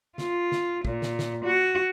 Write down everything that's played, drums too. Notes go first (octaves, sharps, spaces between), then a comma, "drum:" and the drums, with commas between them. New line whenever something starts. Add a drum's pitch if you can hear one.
F4, drum: snare
drum: snare
A#2, drum: kick
drum: snare
drum: snare
F#4